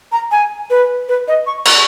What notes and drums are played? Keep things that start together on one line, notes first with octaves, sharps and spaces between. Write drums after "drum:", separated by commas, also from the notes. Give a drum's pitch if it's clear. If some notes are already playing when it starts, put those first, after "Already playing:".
A#5
G#5
B4
B4
D#5
C#6
C#6, drum: cymbal